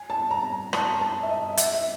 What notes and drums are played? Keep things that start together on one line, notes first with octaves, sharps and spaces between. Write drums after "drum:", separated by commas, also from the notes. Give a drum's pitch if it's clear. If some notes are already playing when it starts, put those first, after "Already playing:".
Already playing: G#5
A5
A#5
A5, drum: rim click
A5
E5
D#5
E5, drum: hi-hat
E5